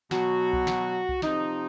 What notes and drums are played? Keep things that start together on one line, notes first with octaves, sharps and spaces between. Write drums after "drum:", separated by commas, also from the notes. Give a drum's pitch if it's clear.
B2 F#3 F#4, drum: snare
drum: kick C2
drum: snare
drum: kick C2
C3 F3 D#4, drum: snare